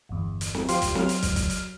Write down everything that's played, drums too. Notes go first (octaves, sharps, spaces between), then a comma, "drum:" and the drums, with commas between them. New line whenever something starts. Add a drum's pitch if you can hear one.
G1 E2
drum: hi-hat
drum: snare
F3 G4 C5 F5 C6, drum: hi-hat
drum: kick, hi-hat
F#3 F6, drum: snare
drum: hi-hat
drum: kick, hi-hat
drum: kick, hi-hat
drum: hi-hat